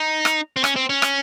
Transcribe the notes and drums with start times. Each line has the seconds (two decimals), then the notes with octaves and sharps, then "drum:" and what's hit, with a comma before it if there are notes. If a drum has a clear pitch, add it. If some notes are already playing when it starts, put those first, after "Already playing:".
Already playing: D#4
0.25 drum: rim click
0.56 C4
0.64 C#4, drum: rim click
0.76 C4
0.89 C#4
1.02 drum: rim click